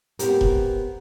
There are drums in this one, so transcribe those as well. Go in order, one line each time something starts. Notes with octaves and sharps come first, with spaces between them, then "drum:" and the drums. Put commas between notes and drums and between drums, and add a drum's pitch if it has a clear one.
B3 C4 G4 A#4, drum: hi-hat
drum: kick E1